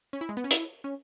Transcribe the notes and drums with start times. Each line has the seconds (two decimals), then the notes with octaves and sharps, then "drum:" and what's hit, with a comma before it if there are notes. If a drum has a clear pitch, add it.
0.13 C#4
0.21 E4
0.29 G#3
0.37 B3
0.44 C#4
0.51 E4, drum: hi-hat
0.84 C#4